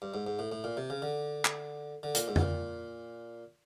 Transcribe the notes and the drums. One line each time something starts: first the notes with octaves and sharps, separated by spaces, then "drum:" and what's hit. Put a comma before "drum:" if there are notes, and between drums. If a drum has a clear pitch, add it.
G2
G#2
G#2
A2
A2
A#2
C3
C#3
D3
drum: clap
D3
A#2, drum: hi-hat
G#2
B2, drum: tom F2
A#2